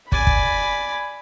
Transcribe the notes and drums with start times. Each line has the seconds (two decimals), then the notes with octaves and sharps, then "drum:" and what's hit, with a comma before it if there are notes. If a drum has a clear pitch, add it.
0.12 D5 G#5 B5, drum: kick
0.27 drum: kick